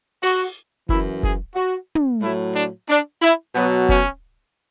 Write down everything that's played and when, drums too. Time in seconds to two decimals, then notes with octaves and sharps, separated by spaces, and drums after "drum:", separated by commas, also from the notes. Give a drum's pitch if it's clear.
0.23 F#4, drum: open hi-hat
0.89 F#2 E3 E4, drum: kick F1
1.23 G#4, drum: kick F1
1.55 F#4
1.95 drum: tom
2.22 A2 F#3 E4
2.55 D4
2.89 D4
3.22 E4
3.55 B2 F#3 B3
3.89 C#4, drum: kick F1